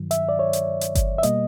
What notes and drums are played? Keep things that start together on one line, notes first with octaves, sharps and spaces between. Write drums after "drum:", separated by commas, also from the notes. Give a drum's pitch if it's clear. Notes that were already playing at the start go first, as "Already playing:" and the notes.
Already playing: G2 D#3 F#3
E5, drum: hi-hat
D5
C#5
drum: hi-hat
drum: hi-hat
drum: kick G1, hi-hat
E5
B2 G3 A#3 D#5, drum: hi-hat